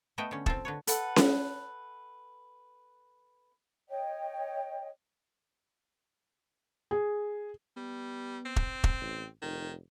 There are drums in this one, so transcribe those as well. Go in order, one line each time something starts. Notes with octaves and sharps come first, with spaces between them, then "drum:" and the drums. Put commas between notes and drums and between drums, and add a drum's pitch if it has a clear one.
A3 B3 D#5 E5 G5
D3 C#4
C4 F4 A4, drum: kick E1
D3 B4 C#5
A4 B4 F#5, drum: hi-hat
drum: snare C#4
C#5 D#5 G5
G#4
G3 B3
C4
drum: kick E1
drum: kick E1
A1
F1 D#3